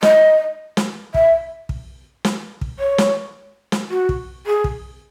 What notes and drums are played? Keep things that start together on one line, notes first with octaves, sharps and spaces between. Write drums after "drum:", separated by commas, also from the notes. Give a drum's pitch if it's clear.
D#5, drum: snare
drum: snare
E5, drum: kick
drum: kick
drum: snare
drum: kick
C#5
drum: snare
drum: snare
F#4
drum: kick
G#4
drum: kick